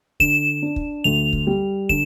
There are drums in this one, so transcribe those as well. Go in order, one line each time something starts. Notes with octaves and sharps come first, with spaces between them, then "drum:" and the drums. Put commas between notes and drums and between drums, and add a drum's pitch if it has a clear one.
D3 E7, drum: kick
D4
drum: kick
D2 F7
drum: kick
G3
D3 E7, drum: kick